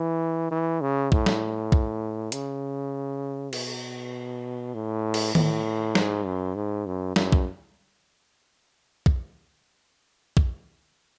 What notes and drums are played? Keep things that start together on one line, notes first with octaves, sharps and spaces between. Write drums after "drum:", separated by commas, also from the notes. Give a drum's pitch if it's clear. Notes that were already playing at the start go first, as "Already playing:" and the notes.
Already playing: E3
E3
C#3
A2, drum: kick A#1
drum: snare
drum: kick A#1
C#3, drum: hi-hat
B2, drum: cymbal
A2
drum: cymbal
A2, drum: tom D#3
G#2, drum: snare
F#2
G#2
F#2
F#2, drum: snare
drum: kick A#1
drum: kick A#1
drum: kick A#1